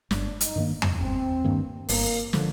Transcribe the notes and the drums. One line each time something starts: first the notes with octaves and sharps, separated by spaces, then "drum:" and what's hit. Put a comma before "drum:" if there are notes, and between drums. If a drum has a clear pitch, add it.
G1 D4, drum: snare
D#4, drum: hi-hat
G2 D#3 A#3
drum: tom E2
G1 C4
G2 D#3 A#3
G1 A#3, drum: open hi-hat
D3 F3, drum: snare